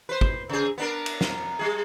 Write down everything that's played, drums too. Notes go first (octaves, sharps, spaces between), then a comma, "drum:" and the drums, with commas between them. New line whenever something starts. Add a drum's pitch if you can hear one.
B4 C5
drum: kick
C#3 G#4
B3 D4 A#4
drum: cymbal
drum: snare
G3 G#4